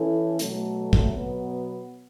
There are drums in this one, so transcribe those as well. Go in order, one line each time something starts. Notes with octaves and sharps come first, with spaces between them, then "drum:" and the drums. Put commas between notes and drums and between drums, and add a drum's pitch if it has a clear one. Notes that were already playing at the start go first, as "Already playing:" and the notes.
Already playing: E3 C#4 E4 A4
B2 F#3 A3, drum: hi-hat
drum: kick
B2 F#3 B3